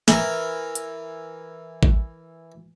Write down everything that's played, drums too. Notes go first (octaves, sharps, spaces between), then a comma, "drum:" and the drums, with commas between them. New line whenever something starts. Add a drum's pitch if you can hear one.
E3 A#4, drum: snare
drum: hi-hat
drum: kick